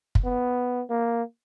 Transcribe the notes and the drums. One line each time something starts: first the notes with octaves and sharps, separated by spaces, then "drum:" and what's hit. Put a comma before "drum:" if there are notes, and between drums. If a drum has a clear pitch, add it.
drum: kick
B3
A#3